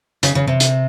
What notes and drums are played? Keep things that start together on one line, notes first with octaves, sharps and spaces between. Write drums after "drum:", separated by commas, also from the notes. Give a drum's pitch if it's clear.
C#3, drum: hi-hat
C#3
C3
drum: hi-hat